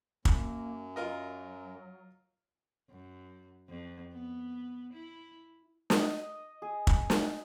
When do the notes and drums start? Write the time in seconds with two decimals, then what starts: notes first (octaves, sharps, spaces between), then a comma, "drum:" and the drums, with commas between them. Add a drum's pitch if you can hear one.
0.25 F#2 A#3, drum: kick
0.96 F#3 F4 A#4 D#5
2.90 F#2
3.68 F2
4.12 B3
4.93 E4
5.90 D#5, drum: snare
6.62 G#4
6.87 drum: kick
7.10 drum: snare